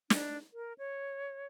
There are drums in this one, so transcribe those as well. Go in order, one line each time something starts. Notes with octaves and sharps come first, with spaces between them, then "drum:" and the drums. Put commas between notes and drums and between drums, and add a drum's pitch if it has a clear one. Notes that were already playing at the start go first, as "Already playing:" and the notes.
D4, drum: snare
A#4
C#5